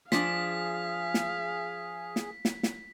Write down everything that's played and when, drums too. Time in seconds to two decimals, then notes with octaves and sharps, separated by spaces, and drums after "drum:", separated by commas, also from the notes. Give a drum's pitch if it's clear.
0.12 F3 D4 G#4 F5 B6, drum: snare
1.14 drum: snare
2.16 drum: snare
2.45 drum: snare
2.63 drum: snare